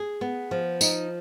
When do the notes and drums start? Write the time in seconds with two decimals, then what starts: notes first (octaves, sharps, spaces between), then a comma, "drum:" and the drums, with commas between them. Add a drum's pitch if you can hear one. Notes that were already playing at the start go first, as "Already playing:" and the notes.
Already playing: G#4
0.21 B3
0.51 F3
0.81 D#4, drum: tambourine